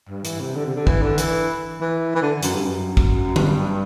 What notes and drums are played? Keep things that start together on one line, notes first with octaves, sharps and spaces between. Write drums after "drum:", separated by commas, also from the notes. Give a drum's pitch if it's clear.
G2
E3, drum: hi-hat
C3
D3
C3
D3
E3, drum: kick
D3
E3, drum: hi-hat
E3
E3
D3
F#2, drum: hi-hat
G2
F#2
drum: kick
G2, drum: tom